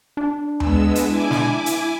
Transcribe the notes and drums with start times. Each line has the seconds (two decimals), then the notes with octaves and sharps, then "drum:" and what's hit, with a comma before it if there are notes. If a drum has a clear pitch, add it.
0.17 D4
0.60 G#3 B3 E6, drum: tom D#2
0.95 drum: hi-hat
1.07 E4 G#5 D6
1.31 drum: snare
1.66 drum: hi-hat